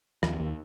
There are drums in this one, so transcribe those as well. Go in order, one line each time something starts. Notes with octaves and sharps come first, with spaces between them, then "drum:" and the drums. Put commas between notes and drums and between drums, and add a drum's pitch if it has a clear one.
D#2 F3, drum: rim click
D#2